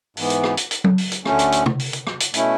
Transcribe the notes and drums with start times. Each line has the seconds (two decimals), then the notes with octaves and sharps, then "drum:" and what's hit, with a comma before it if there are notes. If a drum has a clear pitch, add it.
0.17 G#2 E3 B3, drum: open hi-hat
0.30 drum: hi-hat
0.44 drum: rim click
0.57 drum: hi-hat
0.71 drum: hi-hat
0.84 drum: tom F#3
0.98 drum: open hi-hat
1.12 drum: hi-hat
1.25 D2 D3 A3 C#4, drum: rim click
1.39 drum: hi-hat
1.52 drum: hi-hat
1.66 drum: tom
1.79 drum: open hi-hat
1.93 drum: hi-hat
2.07 drum: rim click
2.20 drum: hi-hat
2.34 B2 A3 C#4 E4, drum: hi-hat